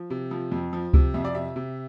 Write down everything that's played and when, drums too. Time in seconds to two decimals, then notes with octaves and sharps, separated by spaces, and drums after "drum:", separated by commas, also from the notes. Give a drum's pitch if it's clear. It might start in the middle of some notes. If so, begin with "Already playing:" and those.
Already playing: F3
0.10 C3
0.31 F3
0.52 F2
0.73 F3
0.94 C3, drum: kick C#2
1.14 F2 E5
1.25 D5
1.35 C3 E5
1.56 C3